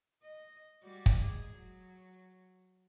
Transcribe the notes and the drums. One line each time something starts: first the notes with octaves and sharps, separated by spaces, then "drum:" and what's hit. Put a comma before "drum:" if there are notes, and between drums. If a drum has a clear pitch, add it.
D#5
G3 F#4 D5
drum: kick
G#2 G#4
F#3